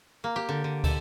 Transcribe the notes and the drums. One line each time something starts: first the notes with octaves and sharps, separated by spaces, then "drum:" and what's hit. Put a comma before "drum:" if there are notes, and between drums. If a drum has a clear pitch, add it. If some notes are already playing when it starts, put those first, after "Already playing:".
A#3
G4
D3
D3
A4, drum: kick, cymbal